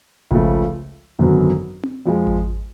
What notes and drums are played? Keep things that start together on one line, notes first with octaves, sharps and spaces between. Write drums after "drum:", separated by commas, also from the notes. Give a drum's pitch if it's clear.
C#2 C#3 F3 A3, drum: kick G#1
G#1 F#2 D3 F#3 B3
drum: tom C4
F2 F3 G#3
drum: kick G#1